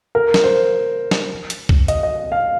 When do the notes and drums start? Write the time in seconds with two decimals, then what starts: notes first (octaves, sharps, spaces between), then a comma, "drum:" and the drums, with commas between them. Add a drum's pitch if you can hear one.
0.15 A#4
0.34 drum: snare
0.44 C5
1.11 drum: snare
1.50 drum: hi-hat
1.69 drum: kick B1
1.88 D#5, drum: hi-hat
2.03 D#5
2.32 F5